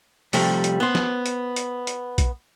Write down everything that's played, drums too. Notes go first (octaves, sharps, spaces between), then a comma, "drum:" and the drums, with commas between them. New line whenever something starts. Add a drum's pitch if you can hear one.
C3 F3 G3 A3, drum: open hi-hat
drum: hi-hat
B3 C5
drum: snare
drum: hi-hat
drum: hi-hat
drum: hi-hat
drum: kick A#1, hi-hat